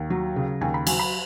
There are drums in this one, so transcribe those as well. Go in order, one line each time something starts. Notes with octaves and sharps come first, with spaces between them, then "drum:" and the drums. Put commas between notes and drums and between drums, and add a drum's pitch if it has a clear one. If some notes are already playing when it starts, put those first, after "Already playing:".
Already playing: D#2
F#3
C#3
D#2 G#5
B5
F#3 G#5, drum: cymbal
B5